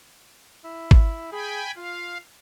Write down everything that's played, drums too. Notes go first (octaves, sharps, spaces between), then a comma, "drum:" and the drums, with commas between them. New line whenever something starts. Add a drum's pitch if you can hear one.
E4
drum: kick
G#4 G5 G#5 B5
F4 F5